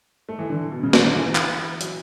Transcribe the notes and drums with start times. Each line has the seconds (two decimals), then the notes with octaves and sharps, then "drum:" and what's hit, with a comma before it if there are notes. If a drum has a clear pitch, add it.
0.29 A3
0.39 E3
0.50 D3
0.72 B2
0.83 C#3
0.93 C#3, drum: snare
1.05 D3
1.15 E3
1.35 drum: clap
1.81 F#3, drum: hi-hat